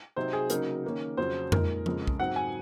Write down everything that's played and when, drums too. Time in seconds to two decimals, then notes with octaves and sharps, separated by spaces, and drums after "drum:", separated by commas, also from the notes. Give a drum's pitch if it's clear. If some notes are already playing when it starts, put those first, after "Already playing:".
0.16 C3 F#3 C4 D#4 C5
0.33 G#4
0.50 C#3 F#3 A#3 D#4 A#4, drum: hi-hat
0.85 D#3 A#3 C#4
1.17 F2 C#3 F#3 C#4 C5
1.52 A#2 G#3 D#4 A#4, drum: tom F2
1.86 F2 C#3 G#3, drum: tom F3
2.07 drum: kick
2.19 G#2 F#3 C4 F#5
2.36 G#5